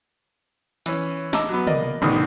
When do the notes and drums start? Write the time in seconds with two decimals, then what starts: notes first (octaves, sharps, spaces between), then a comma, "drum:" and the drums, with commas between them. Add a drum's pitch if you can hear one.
0.86 E3 C#4, drum: hi-hat
1.33 D#5 A5 A#5 D6 E6, drum: snare
1.49 F#3 B3
1.67 A#3 D5 D#5, drum: tom
2.02 A1 D3 D#3 B3 D#6, drum: tom